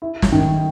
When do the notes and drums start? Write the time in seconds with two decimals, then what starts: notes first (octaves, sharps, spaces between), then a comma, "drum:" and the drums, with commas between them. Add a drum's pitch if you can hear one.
0.02 E4
0.22 drum: snare
0.32 D#3